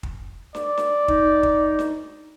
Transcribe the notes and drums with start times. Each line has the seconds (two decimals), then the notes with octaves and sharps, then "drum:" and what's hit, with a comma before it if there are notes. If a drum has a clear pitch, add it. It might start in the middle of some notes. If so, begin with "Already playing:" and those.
0.03 drum: kick
0.55 D5, drum: snare
0.77 drum: snare
1.08 D#4, drum: kick
1.43 drum: kick
1.79 drum: snare